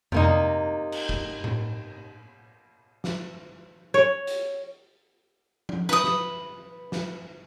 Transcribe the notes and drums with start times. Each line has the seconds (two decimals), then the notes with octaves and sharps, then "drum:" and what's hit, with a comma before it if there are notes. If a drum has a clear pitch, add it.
0.12 C3 A#3 D#4, drum: tom F2
0.92 drum: cymbal
1.09 drum: kick
1.44 drum: tom A2
3.04 drum: snare
3.94 C#5
4.27 drum: hi-hat
5.69 drum: tom F3
5.89 B4 D#6, drum: snare
6.04 drum: snare
6.92 drum: snare